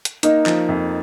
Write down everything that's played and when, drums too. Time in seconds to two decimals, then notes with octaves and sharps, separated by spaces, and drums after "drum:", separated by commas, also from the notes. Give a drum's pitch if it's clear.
0.05 drum: hi-hat
0.23 A#3 D#4 D#5, drum: hi-hat
0.46 F3, drum: clap
0.69 F2